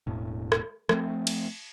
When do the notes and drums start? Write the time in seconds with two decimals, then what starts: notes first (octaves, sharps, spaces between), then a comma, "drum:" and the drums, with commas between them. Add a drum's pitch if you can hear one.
0.07 E1 A2
0.52 drum: rim click
0.89 F3 A3 B3 C4, drum: rim click
1.27 drum: cymbal